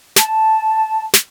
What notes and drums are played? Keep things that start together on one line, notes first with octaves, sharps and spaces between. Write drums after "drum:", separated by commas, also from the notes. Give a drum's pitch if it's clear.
A5, drum: snare
drum: snare